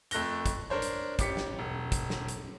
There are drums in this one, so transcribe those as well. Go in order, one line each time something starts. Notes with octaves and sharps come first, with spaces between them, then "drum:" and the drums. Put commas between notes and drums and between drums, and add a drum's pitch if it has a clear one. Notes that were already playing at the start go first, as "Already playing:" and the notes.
F2 A3 F#6 A#6 G7, drum: hi-hat
drum: kick, hi-hat
D4 A#4 C5 C#5
drum: hi-hat
A1 G4 D6 B6 C#7, drum: kick, hi-hat
drum: snare
E1
drum: kick, hi-hat
drum: snare
drum: hi-hat